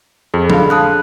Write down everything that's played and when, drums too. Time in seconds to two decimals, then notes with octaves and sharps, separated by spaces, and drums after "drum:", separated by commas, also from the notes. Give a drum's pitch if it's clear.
0.34 F2 G#4
0.50 D3 F5 B5, drum: tom F3
0.70 A5 D#6 F#6